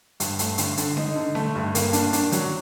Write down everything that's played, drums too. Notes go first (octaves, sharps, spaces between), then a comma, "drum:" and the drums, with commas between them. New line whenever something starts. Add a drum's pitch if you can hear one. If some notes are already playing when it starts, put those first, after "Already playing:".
G2, drum: hi-hat
A3, drum: hi-hat
D3, drum: hi-hat
D3, drum: hi-hat
D#4, drum: snare C#4
D3
A3, drum: snare C#4
G2
A#3, drum: hi-hat
D4, drum: hi-hat
D4, drum: hi-hat
F#3, drum: hi-hat